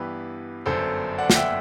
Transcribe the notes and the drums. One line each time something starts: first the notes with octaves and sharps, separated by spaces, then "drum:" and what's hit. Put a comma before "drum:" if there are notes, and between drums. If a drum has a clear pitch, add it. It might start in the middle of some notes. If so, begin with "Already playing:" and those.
Already playing: G2 E3 B3 E4 G4 B4
G1 F#2 D3 A4 C5
D5 F#5
F#5, drum: snare
E5 G5